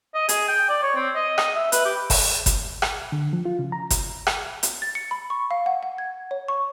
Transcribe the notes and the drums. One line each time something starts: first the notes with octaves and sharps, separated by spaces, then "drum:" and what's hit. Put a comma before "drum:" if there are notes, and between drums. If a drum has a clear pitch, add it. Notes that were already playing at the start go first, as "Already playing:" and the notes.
D#5
G#4, drum: hi-hat
G5
D5
C#5
C4
D#5
D#5, drum: rim click
E5
B4, drum: hi-hat
G4
drum: kick G1, open hi-hat
drum: kick G1, hi-hat
drum: rim click
D3
F3
F4
C#3
A#5
drum: kick G1, hi-hat
drum: rim click
drum: hi-hat
A6
C#7
B5
C#6
F5
F#5
F#5
G#6
C#5
C#6